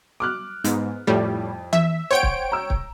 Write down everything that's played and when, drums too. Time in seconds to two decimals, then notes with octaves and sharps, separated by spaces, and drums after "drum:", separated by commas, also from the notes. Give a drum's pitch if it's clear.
0.20 D6 F6 F#6
0.64 G#2 B3, drum: hi-hat
1.07 F2 A2 G3
1.73 E5, drum: tom E3
2.11 C5 C#5 F#5 G5 D7
2.23 drum: kick C#1
2.52 A#5 E6
2.70 drum: kick C#1